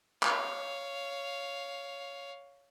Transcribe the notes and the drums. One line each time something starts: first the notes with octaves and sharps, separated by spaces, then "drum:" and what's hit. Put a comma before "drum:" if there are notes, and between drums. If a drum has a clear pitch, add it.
C#5 F5, drum: clap